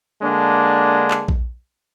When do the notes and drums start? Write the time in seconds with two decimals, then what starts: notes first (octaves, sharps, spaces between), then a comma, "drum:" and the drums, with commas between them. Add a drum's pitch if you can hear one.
0.22 D3 G#3 A#3 D4
1.11 drum: clap
1.28 drum: kick A#1